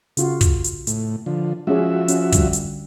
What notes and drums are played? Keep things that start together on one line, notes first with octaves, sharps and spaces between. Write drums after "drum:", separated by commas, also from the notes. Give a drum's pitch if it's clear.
C#3 F4 F#4, drum: hi-hat
drum: kick, hi-hat
drum: hi-hat
A2, drum: hi-hat
D3 F3
F3 G#3 C#4 F#4 G#4 E5
C#4, drum: hi-hat
D3 G3, drum: kick, hi-hat
drum: hi-hat